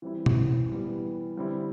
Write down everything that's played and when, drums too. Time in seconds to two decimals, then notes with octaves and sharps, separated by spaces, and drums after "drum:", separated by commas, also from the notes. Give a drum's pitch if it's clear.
0.02 E3 G3 C4 E4
0.26 drum: tom B2
0.69 E3 G3 B3
1.37 D3 G3 C4 E4